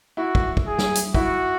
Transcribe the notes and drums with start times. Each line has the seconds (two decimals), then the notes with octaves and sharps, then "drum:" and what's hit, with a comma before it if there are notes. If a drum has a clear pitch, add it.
0.17 E4 F#4
0.35 drum: kick
0.57 drum: kick
0.66 G#4
0.79 drum: snare
0.95 drum: hi-hat
1.14 E4 F#4, drum: kick